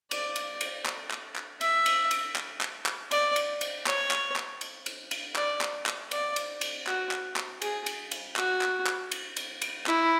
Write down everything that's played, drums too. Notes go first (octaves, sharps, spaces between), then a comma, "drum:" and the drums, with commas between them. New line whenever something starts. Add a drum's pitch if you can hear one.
D5, drum: cymbal
drum: cymbal
drum: cymbal
drum: clap
drum: clap
drum: clap
E5, drum: cymbal
drum: cymbal
drum: cymbal
drum: clap
drum: clap
drum: clap
D5, drum: cymbal
drum: cymbal
drum: cymbal
C#5, drum: clap
drum: clap
drum: clap
drum: cymbal
drum: cymbal
drum: cymbal
D5, drum: clap
drum: clap
drum: clap
D5, drum: cymbal
drum: cymbal
drum: cymbal
F#4, drum: clap
drum: clap
drum: clap
G#4, drum: cymbal
drum: cymbal
drum: cymbal
F#4, drum: clap
drum: clap
drum: clap
drum: cymbal
drum: cymbal
drum: cymbal
E4, drum: clap